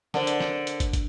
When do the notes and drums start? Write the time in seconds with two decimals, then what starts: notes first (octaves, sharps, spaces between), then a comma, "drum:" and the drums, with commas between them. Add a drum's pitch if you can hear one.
0.14 D3 A#4 C5, drum: snare
0.27 drum: hi-hat
0.40 drum: snare
0.67 drum: hi-hat
0.80 drum: kick, hi-hat
0.93 drum: kick, hi-hat